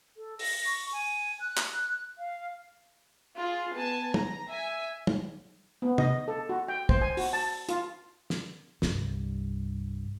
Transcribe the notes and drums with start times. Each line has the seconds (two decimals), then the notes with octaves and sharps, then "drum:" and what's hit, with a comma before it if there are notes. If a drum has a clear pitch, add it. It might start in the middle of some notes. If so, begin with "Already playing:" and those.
0.17 A4
0.39 A#6, drum: open hi-hat
0.66 C#6
0.93 G#5
1.40 F#6
1.57 drum: clap
2.18 F5
3.35 F4 G#4
3.73 B3 G#5 A5
4.14 A#5, drum: tom
4.50 E5 G#5
5.07 drum: tom
5.82 B3
5.98 D#5, drum: tom
6.28 A4
6.49 F#4
6.68 G5
6.89 C5, drum: kick
7.01 G#5
7.17 F#4, drum: open hi-hat
7.33 A5
7.69 F4, drum: hi-hat
8.30 drum: snare
8.82 C2 G2, drum: snare